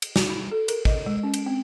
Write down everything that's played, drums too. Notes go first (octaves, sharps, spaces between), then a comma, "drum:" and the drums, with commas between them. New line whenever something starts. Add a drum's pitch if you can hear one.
drum: cymbal
F#4, drum: snare
B5
A4
A#4, drum: cymbal
D#5, drum: kick
G#3
C#4
drum: cymbal
C4